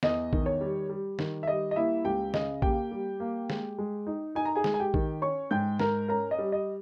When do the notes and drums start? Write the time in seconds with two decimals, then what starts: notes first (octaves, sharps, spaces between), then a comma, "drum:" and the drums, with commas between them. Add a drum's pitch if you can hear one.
0.03 E2 D#5, drum: snare
0.33 D#3, drum: kick A#1
0.46 C#5
0.61 G3
0.89 G3
1.19 D#3, drum: snare
1.43 E5
1.48 G3 D#5
1.71 D#5
1.76 A#3 E4 E5
2.05 C#2 G4 G5
2.34 C#3 D#5, drum: snare
2.62 A#3 G4 G5, drum: kick A#1
2.91 G3
3.20 A#3
3.50 G#3, drum: snare
3.78 G#3
4.07 D#4
4.35 D#4 G#5
4.45 A#5
4.55 G#4 G#5
4.64 G#3, drum: snare
4.74 G#5
4.80 G4 G5
4.94 D#3, drum: kick A#1
5.22 C#4 C#5 C#6
5.51 G#2 G5 G6
5.80 G#2 A#4 A#5, drum: snare
6.08 C#4 A#4 A#5
6.31 D#5
6.38 G3
6.52 D#5